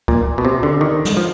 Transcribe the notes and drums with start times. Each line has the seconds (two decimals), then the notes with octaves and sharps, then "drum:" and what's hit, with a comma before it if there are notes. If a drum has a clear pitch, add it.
0.08 A#2, drum: kick C#2
0.38 B2
0.45 C3
0.63 D3
0.81 D#3
1.05 drum: snare
1.17 F3